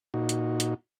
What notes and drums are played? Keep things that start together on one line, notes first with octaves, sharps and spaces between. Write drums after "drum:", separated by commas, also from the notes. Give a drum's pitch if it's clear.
A#2 D#4 F#4
drum: hi-hat
drum: hi-hat